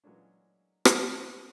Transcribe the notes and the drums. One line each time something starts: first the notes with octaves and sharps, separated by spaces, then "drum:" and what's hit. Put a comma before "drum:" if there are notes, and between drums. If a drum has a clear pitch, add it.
E3 F#3 G#3 A#3 C#4 D4
drum: rim click